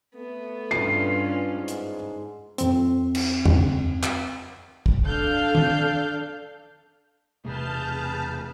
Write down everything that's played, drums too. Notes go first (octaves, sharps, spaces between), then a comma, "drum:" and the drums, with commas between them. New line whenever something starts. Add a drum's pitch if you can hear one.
A3 B3
G2 C#4 F4 C7
G#2
drum: hi-hat
F2 C4, drum: hi-hat
drum: cymbal
drum: tom
drum: clap
drum: kick
D4 A4 F5 G6
drum: tom
E1 C3 A3 G#4 B4 A5 F6 G6